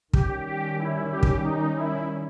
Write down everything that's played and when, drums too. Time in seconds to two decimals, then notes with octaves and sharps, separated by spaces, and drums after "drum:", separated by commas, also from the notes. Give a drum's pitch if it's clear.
0.14 D#3 G3 C#4 G4, drum: kick
0.46 G4
0.79 E4
1.12 G4
1.23 drum: kick
1.44 D#4
1.77 E4